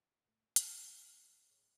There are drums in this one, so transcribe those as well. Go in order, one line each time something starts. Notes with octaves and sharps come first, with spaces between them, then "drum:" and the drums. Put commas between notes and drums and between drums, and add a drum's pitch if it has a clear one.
A2 A3
D#3 F3 D#4 F4 F#4, drum: hi-hat
C#4
A2 G#4 C#5 C#6